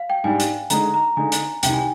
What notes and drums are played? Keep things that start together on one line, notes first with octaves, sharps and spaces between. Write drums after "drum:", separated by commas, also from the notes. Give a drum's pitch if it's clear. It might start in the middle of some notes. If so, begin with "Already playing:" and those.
Already playing: F5
G5
G#2 G3 D4 G#5
drum: hi-hat
D3 G#3 D#4 A#5, drum: hi-hat
A#5
D3 G#3 D#4 G#5
drum: hi-hat
C2 C3 D#3 G5, drum: hi-hat
G#5